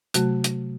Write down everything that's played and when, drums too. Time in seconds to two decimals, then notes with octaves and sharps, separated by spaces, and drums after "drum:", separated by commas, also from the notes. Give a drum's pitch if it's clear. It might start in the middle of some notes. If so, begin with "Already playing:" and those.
0.14 C3 F#3 A3 F#4, drum: hi-hat
0.44 drum: hi-hat